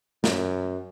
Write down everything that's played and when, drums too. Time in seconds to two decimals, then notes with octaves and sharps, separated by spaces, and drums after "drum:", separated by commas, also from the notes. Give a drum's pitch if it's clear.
0.24 F#2, drum: snare